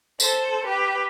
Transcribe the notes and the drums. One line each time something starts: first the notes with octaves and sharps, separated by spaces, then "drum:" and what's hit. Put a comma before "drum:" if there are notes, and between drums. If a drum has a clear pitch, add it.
A4 C5, drum: tambourine
G4 B4